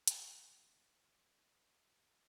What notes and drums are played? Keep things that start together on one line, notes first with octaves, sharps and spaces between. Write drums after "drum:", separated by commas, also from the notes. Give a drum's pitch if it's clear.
F#2 C3 D#3 E3, drum: hi-hat